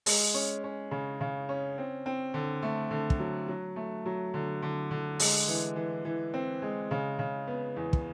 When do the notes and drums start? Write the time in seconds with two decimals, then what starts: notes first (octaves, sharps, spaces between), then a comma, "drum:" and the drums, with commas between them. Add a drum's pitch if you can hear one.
0.06 G#3, drum: open hi-hat
0.34 C#4
0.64 C#4
0.91 C#3
1.21 C#3
1.49 C#4
1.78 C4
2.06 C4
2.34 D3
2.62 A3
2.91 D3
3.10 drum: kick
3.19 F#3
3.48 F#3
3.76 A3
4.06 F#3
4.34 D3
4.62 D3
4.91 D3
5.19 G#3, drum: open hi-hat
5.48 E3
5.76 E3
6.05 E3
6.34 C4
6.62 G#3
6.91 C#3
7.19 C#3
7.47 B3
7.76 E2
7.93 drum: kick